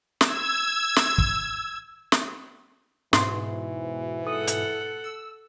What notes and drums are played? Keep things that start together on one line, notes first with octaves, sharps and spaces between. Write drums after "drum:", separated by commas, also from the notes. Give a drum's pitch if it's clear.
E6 G#6, drum: snare
drum: snare
drum: kick
drum: snare
G#2 B2 E3 C6, drum: snare
A4 F#5 D#6
drum: hi-hat
E6